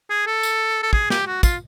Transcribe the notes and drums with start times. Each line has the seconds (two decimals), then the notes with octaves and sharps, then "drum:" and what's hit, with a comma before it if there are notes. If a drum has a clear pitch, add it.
0.10 G#4
0.27 A4
0.43 drum: tambourine
0.83 A4
0.93 G#4, drum: kick
1.10 G4, drum: snare
1.27 F#4
1.43 F4, drum: kick, tambourine